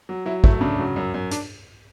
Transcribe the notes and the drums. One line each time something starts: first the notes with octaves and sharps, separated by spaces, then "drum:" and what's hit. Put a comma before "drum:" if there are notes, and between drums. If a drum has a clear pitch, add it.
F#3
F#3 E4
A3 E4, drum: kick
C#3 D4
F#3
F#2
F#2
D4, drum: hi-hat